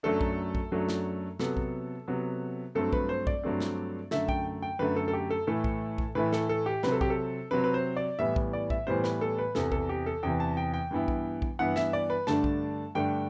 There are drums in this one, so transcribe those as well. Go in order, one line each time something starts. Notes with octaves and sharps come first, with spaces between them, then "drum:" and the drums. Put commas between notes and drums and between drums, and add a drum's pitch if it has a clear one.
F#2 F#3 A3 D4 A4
drum: kick A#1
drum: kick A#1
F#2 F#3 A3 D4
drum: snare
C3 F#3 B3 A4, drum: snare
drum: kick A#1
C3 F#3 B3
G2 F#3 A3 C4 A4
B4, drum: kick A#1
C5
D5, drum: kick A#1
G2 F#3 A3 C4
drum: snare
F#2 D3 A3 E5, drum: snare
G5, drum: kick A#1
G5
F#2 D3 A3 B4
A4
A4
G4
A4
A2 E3 A3 E4 A4
drum: kick A#1
drum: kick A#1
A2 E3 A3 E4 B4
A4, drum: snare
A4
G4
C3 F#3 C4 B4, drum: snare
A4
G4, drum: kick A#1
A4
C3 F#3 C4 B4
B4
C5
D5
A2 E3 G3 B3 E5
drum: kick A#1
D5
E5, drum: kick A#1
A2 E3 G3 B3 C5
B4, drum: snare
A4
B4
E2 C3 E3 A4, drum: snare
A4, drum: kick A#1
G4
A4
E2 C3 E3 G5
A5
G5
G5
G2 E3 B3 E4
drum: kick A#1
drum: kick A#1
G2 E3 B3 E4 F#5
E5, drum: snare
D5
B4
G2 D3 A3 D4 A5, drum: snare
drum: kick A#1
G2 D3 A3 D4 G5